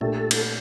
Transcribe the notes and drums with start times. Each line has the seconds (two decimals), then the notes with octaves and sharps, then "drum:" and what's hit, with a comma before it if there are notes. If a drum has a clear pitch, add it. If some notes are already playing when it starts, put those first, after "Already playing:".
0.01 A#2 A3 D4 G4 A4
0.31 drum: cymbal